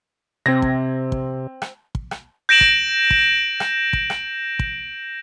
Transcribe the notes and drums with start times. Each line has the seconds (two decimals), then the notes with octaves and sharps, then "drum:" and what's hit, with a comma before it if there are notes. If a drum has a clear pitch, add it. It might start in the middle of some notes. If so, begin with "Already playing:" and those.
0.46 C3 C4 G#6 A#6
0.62 drum: kick
1.12 drum: kick
1.62 drum: rim click
1.95 drum: kick
2.11 drum: rim click
2.49 G6 A#6 D7 E7 F#7
2.61 drum: kick
3.11 drum: kick
3.60 drum: rim click
3.93 drum: kick
4.10 drum: rim click
4.59 drum: kick